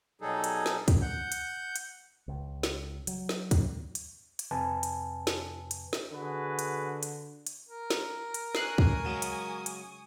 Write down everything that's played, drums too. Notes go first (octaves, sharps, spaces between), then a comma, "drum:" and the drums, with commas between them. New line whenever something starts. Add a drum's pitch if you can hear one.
B2 F#3 G3 D#4 G#4 A4
drum: hi-hat
drum: snare
drum: kick, hi-hat
F#5 G6
drum: hi-hat
drum: hi-hat
C#2
drum: snare
F#3, drum: hi-hat
drum: snare
drum: kick, hi-hat
drum: hi-hat
drum: hi-hat
F2 C3 B4 G#5 A5
drum: hi-hat
drum: snare
drum: hi-hat
drum: snare
D3 F#4 G#4 B4
drum: hi-hat
drum: hi-hat
drum: hi-hat
A#4
drum: snare
drum: hi-hat
G#5 C#6 D#6 F#6 C7, drum: snare
drum: kick
C#3 F#3 G#3
drum: hi-hat
drum: hi-hat